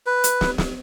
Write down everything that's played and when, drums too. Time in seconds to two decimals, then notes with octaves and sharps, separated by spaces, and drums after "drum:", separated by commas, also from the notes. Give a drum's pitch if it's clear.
0.06 B4
0.24 drum: hi-hat
0.41 drum: snare
0.58 drum: snare